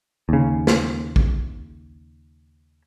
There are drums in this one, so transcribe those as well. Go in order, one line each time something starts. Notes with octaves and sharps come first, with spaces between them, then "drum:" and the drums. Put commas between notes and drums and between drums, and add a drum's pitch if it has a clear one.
D#2 C#3
drum: snare
drum: kick A#1